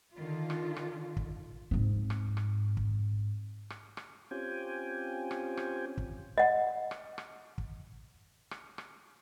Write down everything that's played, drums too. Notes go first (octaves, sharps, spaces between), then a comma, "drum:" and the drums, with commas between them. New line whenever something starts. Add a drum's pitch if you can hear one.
D3 D#3 F4
drum: rim click
drum: rim click
drum: kick
G#2 C4
drum: rim click
drum: rim click
drum: kick
drum: rim click
drum: rim click
C4 C#4 F4 G4 G5 G#5
drum: rim click
drum: rim click
drum: kick
D#5 F#5
drum: rim click
drum: rim click
drum: kick
drum: rim click
drum: rim click